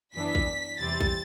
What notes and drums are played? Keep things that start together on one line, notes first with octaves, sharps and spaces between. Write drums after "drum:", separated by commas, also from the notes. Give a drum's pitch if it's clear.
F#2 E3 B3 D4 B6
drum: kick A#1
E2 C3 G3 C4 A6
drum: kick A#1